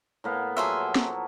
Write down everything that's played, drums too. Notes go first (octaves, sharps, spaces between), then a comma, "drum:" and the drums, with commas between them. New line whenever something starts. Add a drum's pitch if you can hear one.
A2 A#3 B3
F3 F#3 G#4 C5 E5
drum: snare